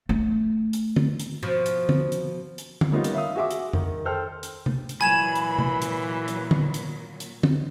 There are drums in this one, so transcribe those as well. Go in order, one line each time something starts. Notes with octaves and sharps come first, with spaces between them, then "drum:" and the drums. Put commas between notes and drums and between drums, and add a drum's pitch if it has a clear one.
A3
drum: hi-hat
drum: tom D3
drum: hi-hat
B2 F3
drum: hi-hat
drum: tom D3
drum: hi-hat
drum: hi-hat
drum: tom D3
G3 A#3 B3 C#4 D#4 F4
drum: hi-hat
E5 F5 D#6
F#4 G#4 E5 D6
drum: hi-hat
D#3, drum: tom F2
A4 C5 G5 F6
drum: hi-hat
drum: tom C3
drum: hi-hat
A#2 E3 F#3 G#5 B5 G#6 E7
drum: hi-hat
drum: tom C3
drum: hi-hat
drum: hi-hat
drum: tom D3
drum: hi-hat
drum: hi-hat
drum: tom D3